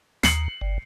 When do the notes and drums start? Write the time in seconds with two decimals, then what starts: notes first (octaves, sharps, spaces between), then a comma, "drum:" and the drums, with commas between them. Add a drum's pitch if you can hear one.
0.23 D#2 C7 C#7 F#7, drum: snare
0.61 G1